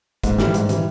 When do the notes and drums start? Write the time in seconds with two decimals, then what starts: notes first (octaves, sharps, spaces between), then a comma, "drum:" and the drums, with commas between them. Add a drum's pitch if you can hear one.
0.23 G#2, drum: kick, hi-hat
0.38 E3 G3, drum: snare
0.54 G#2, drum: hi-hat
0.69 E3 G3, drum: hi-hat